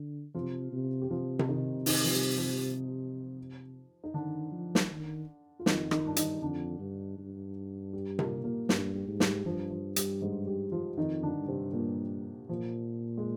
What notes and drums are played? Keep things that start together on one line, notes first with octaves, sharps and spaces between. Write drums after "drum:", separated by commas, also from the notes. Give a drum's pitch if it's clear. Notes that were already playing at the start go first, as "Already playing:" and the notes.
Already playing: D3
C3 F3 F4
C3
G4
C3 F3 F4
drum: tom C3
D#3 D#4
D#3 D#4, drum: open hi-hat
F3
G3
F3
D#4
D3 D#3 D4
F3
drum: snare
D#3
F4
F2 D#3 D#4, drum: snare
D#3 D#4, drum: rim click
G2 D4
D#3 D#4, drum: hi-hat
F2 D3 D4
G2
G2
G3
A#2 A#3, drum: tom C3
A#2 A#3
G2, drum: snare
G3
G#2
G3, drum: snare
G2 F3
F3
G3, drum: hi-hat
G#2 G#3
G3 G4
F3 F4
F2 D#3 D#4
D3 D4
G2
C3 C4
A#2 A#3
A#2 F3
G#3